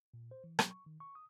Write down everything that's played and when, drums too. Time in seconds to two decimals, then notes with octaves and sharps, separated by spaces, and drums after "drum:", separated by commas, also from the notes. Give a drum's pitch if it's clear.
0.14 A#2
0.31 C5
0.44 E3
0.59 F#3, drum: rim click
0.71 C#6
0.86 D#3
1.00 C#6
1.15 D#6